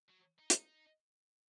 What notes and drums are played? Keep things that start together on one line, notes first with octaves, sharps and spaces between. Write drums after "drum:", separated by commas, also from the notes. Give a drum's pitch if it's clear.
F#3
D#4
drum: hi-hat